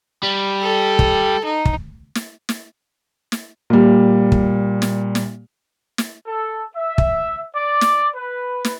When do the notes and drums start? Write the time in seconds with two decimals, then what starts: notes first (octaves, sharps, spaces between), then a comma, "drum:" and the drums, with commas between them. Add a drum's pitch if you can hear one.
0.23 G3
0.62 A4
0.99 drum: kick
1.44 D#4
1.65 drum: kick
2.15 drum: snare
2.49 drum: snare
3.32 drum: snare
3.70 A#2 G3
4.32 drum: kick
4.82 drum: snare
5.15 drum: snare
5.98 drum: snare
6.25 A4
6.74 E5
6.98 drum: kick
7.53 D5
7.81 drum: snare
8.15 B4
8.65 drum: snare